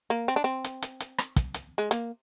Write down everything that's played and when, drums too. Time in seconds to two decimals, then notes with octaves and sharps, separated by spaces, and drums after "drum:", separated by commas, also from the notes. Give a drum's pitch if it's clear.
0.10 A#3
0.28 C4
0.36 D4
0.44 C4
0.64 drum: hi-hat
0.82 drum: hi-hat
1.00 drum: hi-hat
1.18 drum: rim click
1.36 drum: kick, hi-hat
1.54 drum: hi-hat
1.78 G#3
1.91 A#3, drum: hi-hat